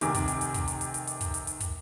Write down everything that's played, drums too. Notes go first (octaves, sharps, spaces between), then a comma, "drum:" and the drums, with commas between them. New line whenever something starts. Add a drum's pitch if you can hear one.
F1 C3 D#3 G#5 D6, drum: hi-hat
drum: kick, hi-hat
drum: hi-hat
drum: hi-hat
drum: kick, hi-hat
drum: hi-hat
drum: hi-hat
drum: hi-hat
drum: hi-hat
drum: kick, hi-hat
drum: hi-hat
drum: hi-hat
drum: kick, hi-hat